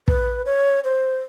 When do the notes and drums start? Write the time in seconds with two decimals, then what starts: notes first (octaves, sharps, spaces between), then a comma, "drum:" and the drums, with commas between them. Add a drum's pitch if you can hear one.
0.08 B4, drum: kick
0.46 C#5
0.84 C5